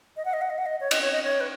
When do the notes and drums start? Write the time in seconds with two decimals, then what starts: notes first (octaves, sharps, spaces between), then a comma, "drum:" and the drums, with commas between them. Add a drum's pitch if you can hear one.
0.17 D#5
0.25 F#5
0.33 D#5
0.41 F#5
0.50 D#5
0.58 F#5
0.66 D#5
0.80 C#5
0.91 D#5, drum: cymbal
1.02 C#5
1.12 D#5
1.23 C#5
1.40 B4